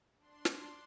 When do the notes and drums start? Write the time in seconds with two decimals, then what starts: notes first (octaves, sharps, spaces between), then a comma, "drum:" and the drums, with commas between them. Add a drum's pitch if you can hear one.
0.18 D4 C6
0.45 drum: snare